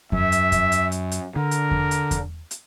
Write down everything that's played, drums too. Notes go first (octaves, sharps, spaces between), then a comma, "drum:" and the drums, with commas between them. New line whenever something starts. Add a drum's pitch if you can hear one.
F#2 E5, drum: kick E2
drum: hi-hat
drum: kick E2, hi-hat
drum: hi-hat
drum: hi-hat
drum: hi-hat
D3 A#4
drum: hi-hat
drum: kick E2
drum: hi-hat
drum: kick E2, hi-hat
drum: hi-hat